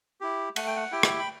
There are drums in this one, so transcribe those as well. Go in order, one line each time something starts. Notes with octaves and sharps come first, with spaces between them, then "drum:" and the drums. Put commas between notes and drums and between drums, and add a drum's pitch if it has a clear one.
E4 G4
A3 F#5, drum: cymbal
G5
F#5
E4 G4 G5
drum: rim click
B5